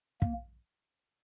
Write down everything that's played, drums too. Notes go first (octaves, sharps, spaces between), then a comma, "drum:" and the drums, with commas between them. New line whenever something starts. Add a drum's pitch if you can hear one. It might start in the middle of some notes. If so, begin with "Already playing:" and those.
A#3, drum: kick